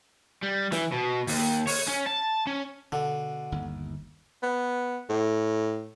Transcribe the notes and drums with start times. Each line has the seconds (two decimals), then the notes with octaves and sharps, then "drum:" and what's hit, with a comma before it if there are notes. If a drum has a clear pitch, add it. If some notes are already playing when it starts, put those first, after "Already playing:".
0.42 G3
0.72 E3, drum: snare
0.92 B2
1.27 D#2, drum: open hi-hat
1.67 C#5, drum: open hi-hat
1.87 C#4
2.06 A5
2.47 C#4
2.92 B2 D3
3.52 G1 D#2
4.43 B3
5.09 A2